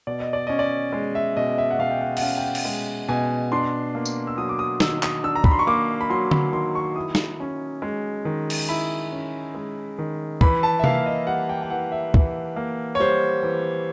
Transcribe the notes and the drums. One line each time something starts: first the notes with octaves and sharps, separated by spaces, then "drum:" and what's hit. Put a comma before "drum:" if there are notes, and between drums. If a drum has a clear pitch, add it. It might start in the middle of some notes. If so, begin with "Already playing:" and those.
B2 D5
D#5
D5
C#4 D#5
D5
G#3
E5
B2 D#5
E5
F#5
B2 F5
G5
F#5
F#5, drum: cymbal
C#4 F5
G5
F#5
drum: cymbal
G#3
B2 G#5
D4 C6
A#3
drum: tambourine
E6
F#3 D#6
D6
D#6
D#3 E6, drum: snare
D#6, drum: clap
D4 E6
A#5
B5, drum: kick
C6
C#6
A#3 D6
B5
F#3 C6
B5, drum: tom D3
D#3 C6
C#6
E4 D#6
drum: snare
C#4
G#3
D#3
drum: cymbal
E4 B5
C#4
G#3
D#3
E3 B5, drum: kick
A5
E5
A#3 F5, drum: tom C3
D#5
G3 F#5
G5
G5
E3 F#5
E5
E3, drum: kick
A#3
C#5
G3 C5
E3